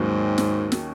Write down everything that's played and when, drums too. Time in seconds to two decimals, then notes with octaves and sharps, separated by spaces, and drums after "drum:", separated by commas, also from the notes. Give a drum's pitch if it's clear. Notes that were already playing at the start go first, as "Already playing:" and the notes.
Already playing: D#2 G#2 D#3 F#3 A#3 C#4
0.38 drum: snare
0.72 drum: snare